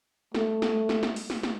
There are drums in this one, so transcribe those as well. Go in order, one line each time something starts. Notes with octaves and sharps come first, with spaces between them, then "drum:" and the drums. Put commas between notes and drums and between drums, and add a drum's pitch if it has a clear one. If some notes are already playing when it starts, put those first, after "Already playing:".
A3, drum: snare
drum: snare
drum: snare
drum: snare
drum: open hi-hat
drum: snare
drum: snare